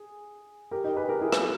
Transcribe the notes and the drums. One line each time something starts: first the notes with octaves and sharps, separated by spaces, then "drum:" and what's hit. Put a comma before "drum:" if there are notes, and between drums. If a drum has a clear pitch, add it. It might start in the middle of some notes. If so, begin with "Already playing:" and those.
Already playing: G#4
G4 A#4
D#4 G4
G#4 B4
G4 A#4
E4 G#4
drum: rim click